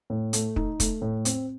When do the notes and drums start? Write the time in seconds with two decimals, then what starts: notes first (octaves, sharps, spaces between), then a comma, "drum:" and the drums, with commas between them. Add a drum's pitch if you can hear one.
0.10 A2
0.33 A3, drum: hi-hat
0.56 D#4, drum: kick
0.80 A3, drum: kick, hi-hat
1.02 A2
1.25 C4, drum: hi-hat